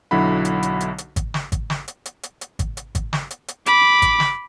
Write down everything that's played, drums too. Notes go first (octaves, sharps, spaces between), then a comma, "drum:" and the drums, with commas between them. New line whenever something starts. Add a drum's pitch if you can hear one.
B1 D3 F#3 E4 F#5 B5
drum: hi-hat
drum: hi-hat
drum: hi-hat
drum: hi-hat
drum: kick G#1, hi-hat
drum: snare
drum: kick G#1, hi-hat
drum: snare
drum: hi-hat
drum: hi-hat
drum: hi-hat
drum: hi-hat
drum: kick G#1, hi-hat
drum: hi-hat
drum: kick G#1, hi-hat
drum: snare
drum: hi-hat
drum: hi-hat
B5 D6, drum: hi-hat
drum: kick G#1, hi-hat
drum: snare